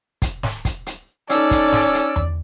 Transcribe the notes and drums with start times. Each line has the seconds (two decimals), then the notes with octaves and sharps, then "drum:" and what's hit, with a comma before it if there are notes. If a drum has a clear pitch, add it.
0.22 drum: kick, hi-hat
0.43 drum: snare
0.65 drum: kick, hi-hat
0.86 drum: hi-hat
1.30 C#4 D#4 A4 D5 E6, drum: hi-hat
1.51 drum: kick, hi-hat
1.73 drum: snare
1.94 drum: hi-hat
2.16 drum: tom E2